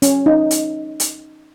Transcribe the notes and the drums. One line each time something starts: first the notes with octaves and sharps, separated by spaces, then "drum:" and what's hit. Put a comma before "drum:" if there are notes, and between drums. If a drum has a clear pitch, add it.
C#4, drum: hi-hat
D#4
drum: hi-hat
drum: hi-hat